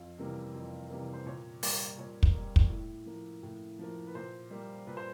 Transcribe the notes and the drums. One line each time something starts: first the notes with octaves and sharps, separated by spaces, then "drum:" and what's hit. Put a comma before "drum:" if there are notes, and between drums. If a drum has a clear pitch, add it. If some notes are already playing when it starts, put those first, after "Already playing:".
Already playing: F2 F5
C3 E3 G3 A#3
F2
C3 E3 G3 A#3
C5
A#2 C#5
G3 A#3, drum: open hi-hat
A#2 C#5
drum: kick
G3 A#3
drum: kick
A2
F3 A#3
A2
F3 A#3
B4
A#2 C5
G3 A#3
A#2 B4
C5